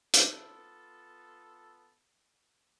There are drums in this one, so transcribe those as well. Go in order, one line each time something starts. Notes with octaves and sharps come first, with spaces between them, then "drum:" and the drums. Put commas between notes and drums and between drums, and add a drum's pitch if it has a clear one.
B3 F4 A4 D6, drum: hi-hat